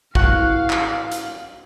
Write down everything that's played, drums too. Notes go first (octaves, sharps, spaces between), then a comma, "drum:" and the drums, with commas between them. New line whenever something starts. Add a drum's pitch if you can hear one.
A2 E3 F#4 F5 F#5 C#6 F#6, drum: kick A1
drum: clap
drum: hi-hat